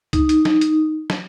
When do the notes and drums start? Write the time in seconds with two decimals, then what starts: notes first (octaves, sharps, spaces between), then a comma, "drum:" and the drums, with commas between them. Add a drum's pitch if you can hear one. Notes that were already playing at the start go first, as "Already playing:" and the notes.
0.13 D#4, drum: kick C#2, hi-hat
0.29 drum: hi-hat
0.45 drum: snare
0.61 drum: hi-hat
1.10 drum: snare